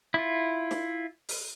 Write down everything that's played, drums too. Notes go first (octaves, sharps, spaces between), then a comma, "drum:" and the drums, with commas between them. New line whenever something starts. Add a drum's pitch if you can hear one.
E4 F4
drum: snare
drum: open hi-hat